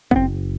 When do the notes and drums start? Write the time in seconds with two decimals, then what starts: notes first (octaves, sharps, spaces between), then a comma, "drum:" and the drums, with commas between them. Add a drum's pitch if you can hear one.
0.11 B3, drum: kick
0.15 F#1 C4